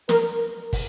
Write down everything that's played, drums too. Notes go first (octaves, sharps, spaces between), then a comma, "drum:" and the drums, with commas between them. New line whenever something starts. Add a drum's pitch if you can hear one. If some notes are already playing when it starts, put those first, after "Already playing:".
A#4, drum: snare
drum: kick, open hi-hat